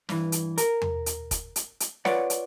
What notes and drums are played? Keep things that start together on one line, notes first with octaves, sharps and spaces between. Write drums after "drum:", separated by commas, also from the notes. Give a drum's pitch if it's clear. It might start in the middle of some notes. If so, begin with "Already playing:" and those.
G2 E3, drum: snare
drum: hi-hat
A#4, drum: hi-hat
drum: tom E2
drum: hi-hat
drum: kick, hi-hat
drum: hi-hat
drum: hi-hat
F4 B4 C#5 D5 F#5, drum: snare
drum: hi-hat